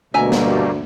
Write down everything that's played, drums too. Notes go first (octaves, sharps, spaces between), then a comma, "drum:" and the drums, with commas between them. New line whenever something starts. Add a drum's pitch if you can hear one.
D2 B2 G3 A3 A#3 E5 G#5 A#5
drum: snare